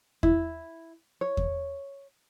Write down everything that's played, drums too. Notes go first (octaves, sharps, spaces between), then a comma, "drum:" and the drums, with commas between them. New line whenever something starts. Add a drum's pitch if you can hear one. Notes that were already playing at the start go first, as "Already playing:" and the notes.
E4, drum: kick E2
C#5
drum: kick E2